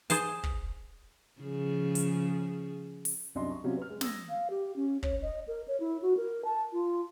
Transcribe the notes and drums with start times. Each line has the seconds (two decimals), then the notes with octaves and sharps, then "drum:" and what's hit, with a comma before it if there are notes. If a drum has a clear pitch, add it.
0.10 G#4 C5 A5, drum: hi-hat
0.43 drum: kick
1.41 C#3 F3 G#4
1.95 drum: hi-hat
3.05 drum: open hi-hat
3.35 C2 F#2 D4 D#5 C6
3.51 C#6
3.64 C3 F#3 C4 C#4 F4
3.77 B4 F6
3.89 G#3
4.01 D#6 E6 G#6 A#6, drum: snare
4.29 F5
4.50 G4
4.76 C#4
5.03 C#5, drum: kick
5.22 D#5
5.48 A#4
5.68 C#5
5.80 E4
6.02 F#4
6.17 A#4
6.45 A5
6.73 F4